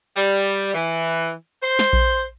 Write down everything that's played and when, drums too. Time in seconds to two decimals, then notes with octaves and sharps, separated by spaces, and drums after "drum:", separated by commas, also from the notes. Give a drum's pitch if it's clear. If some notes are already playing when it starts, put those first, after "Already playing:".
0.16 G3
0.74 E3
1.62 C5
1.79 drum: snare
1.93 drum: kick A#1